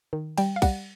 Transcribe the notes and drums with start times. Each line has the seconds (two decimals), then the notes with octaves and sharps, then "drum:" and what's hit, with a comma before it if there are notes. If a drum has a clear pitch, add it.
0.13 D#3
0.38 G3 G5, drum: cymbal
0.56 F5
0.62 G3 F#5, drum: kick, cymbal